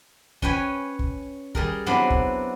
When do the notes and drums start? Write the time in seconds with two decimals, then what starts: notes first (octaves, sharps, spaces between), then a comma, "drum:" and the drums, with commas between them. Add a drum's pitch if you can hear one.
0.42 C#4 B4 C#5 G5 G#5, drum: kick
0.99 drum: kick
1.55 G3 G#4 A#4, drum: kick
1.86 F#3 B3 C4 D4 E4
2.10 drum: kick